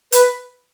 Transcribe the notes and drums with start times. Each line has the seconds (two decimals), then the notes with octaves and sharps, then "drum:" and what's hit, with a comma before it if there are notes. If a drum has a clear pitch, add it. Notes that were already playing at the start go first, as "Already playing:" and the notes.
0.12 B4, drum: hi-hat